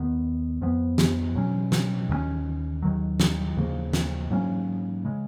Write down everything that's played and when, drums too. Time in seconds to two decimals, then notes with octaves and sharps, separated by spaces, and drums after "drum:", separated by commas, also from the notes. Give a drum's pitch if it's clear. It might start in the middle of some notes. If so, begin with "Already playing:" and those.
Already playing: D#2 D#3 B3
0.61 F2 F3 B3
0.98 drum: snare
1.35 B2 F#3 C#4
1.72 drum: snare
2.09 D#2 D#3 F#3 C#4
2.82 D#2 D#3 F#3
3.20 drum: snare
3.57 D#2 C#3 F3 A#3
3.93 drum: snare
4.30 G#2 F#3 A#3 C#4
5.05 C#3 G#3